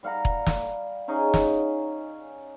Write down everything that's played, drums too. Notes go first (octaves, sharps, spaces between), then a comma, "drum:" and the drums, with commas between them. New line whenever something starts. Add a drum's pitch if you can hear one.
G3 F5 F#5 A#5
drum: kick E1
drum: snare
C#4 D#4 G#4
drum: snare